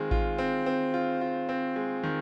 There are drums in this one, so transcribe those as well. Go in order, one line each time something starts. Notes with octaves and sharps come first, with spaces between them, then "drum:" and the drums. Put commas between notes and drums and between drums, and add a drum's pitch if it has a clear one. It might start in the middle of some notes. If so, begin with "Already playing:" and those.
Already playing: D#3 G#3 C4 F4
F4, drum: kick A1
C4
C4
F4
F4
C4
G#3
D#3